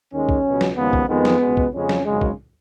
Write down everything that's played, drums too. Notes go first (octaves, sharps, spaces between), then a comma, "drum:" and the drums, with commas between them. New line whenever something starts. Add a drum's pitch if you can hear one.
D#2 D#3 G#3 C#4
drum: kick
C#2 B2 F#3
drum: snare
D#2 C#3 F3 G#3 B3
drum: kick
F2 D#3 G#3 B3
drum: snare
C#2 B2 G#3
drum: kick
F2 C#3 G#3 C#4
drum: snare
G#1 F#2 C#3 G#3
drum: kick